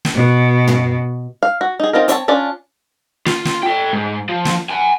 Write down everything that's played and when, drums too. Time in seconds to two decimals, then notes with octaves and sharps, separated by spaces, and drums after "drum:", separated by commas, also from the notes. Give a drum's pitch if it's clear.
0.05 drum: snare
0.15 B2
0.67 drum: tom
1.43 F5
1.61 F#4
1.80 D#4 G#4
1.93 C4 D#4 F4 A#4
2.08 C4 C#5 E5 A5, drum: hi-hat
2.28 C#4 D4 F4 D5
3.26 F4, drum: snare
3.45 drum: snare
3.63 A4 G5
3.93 G#2
4.29 F3
4.45 drum: snare
4.70 F#5 G#5